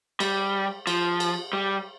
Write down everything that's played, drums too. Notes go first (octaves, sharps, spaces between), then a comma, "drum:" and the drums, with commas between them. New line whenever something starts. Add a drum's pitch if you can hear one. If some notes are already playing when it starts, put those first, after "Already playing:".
G3, drum: cymbal
F3, drum: cymbal
drum: cymbal
G3